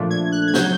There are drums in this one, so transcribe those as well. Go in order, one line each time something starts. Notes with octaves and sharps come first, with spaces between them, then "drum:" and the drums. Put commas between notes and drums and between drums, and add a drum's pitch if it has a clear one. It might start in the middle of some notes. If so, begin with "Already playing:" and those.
Already playing: A#2 F3 A3 D4
G#6
F#6
G#6
C#3 F#3 G6, drum: snare